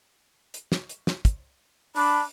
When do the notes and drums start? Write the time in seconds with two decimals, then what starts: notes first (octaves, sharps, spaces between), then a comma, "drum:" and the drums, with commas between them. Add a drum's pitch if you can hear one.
0.54 drum: hi-hat
0.72 drum: snare
0.89 drum: hi-hat
1.07 drum: snare
1.25 drum: kick, hi-hat
1.96 D4 B5, drum: open hi-hat